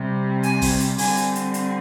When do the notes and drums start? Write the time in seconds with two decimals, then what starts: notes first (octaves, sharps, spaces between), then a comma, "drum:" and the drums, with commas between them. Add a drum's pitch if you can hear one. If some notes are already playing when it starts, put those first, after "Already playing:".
Already playing: C3 G3 C4
0.43 G#5, drum: hi-hat
0.61 drum: kick, open hi-hat
0.80 drum: hi-hat
0.98 D3 G3 C4 G#5, drum: open hi-hat
1.17 drum: hi-hat
1.35 drum: hi-hat
1.54 drum: hi-hat